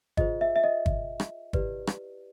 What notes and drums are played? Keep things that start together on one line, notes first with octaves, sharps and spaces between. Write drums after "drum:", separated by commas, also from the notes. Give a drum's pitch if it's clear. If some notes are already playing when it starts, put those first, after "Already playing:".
F4 G#4 C5 D#5, drum: kick
E5
E5
D#5
drum: kick
drum: rim click
E4 G4 B4 D5, drum: kick
drum: rim click